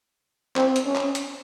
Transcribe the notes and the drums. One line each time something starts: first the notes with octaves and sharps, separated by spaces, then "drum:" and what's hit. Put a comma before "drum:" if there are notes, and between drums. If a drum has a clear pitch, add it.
C4, drum: clap
drum: hi-hat
C#4
drum: clap
drum: hi-hat